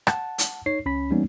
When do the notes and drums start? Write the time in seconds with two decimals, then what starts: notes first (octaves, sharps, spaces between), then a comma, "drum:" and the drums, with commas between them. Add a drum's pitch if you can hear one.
0.07 F#5 A5, drum: rim click
0.38 drum: hi-hat
0.66 D#4 C#5 C7
0.86 C#2 C#4 B5 B6
1.10 E3 G3 A#3 B3 C#4 D#4